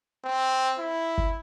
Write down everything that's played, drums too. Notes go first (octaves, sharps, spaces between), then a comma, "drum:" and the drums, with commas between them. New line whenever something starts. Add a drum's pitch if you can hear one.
C4
E4
drum: kick F#1